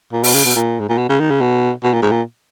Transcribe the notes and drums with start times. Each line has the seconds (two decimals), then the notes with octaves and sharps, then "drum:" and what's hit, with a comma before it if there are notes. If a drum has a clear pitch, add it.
0.13 A#2
0.24 B2, drum: open hi-hat
0.34 C#3
0.45 B2
0.56 A#2
0.80 G#2
0.89 A#2
0.98 B2
1.09 C#3
1.20 D#3
1.31 C#3
1.41 B2
1.84 B2
1.93 A#2
2.02 G#2
2.11 A#2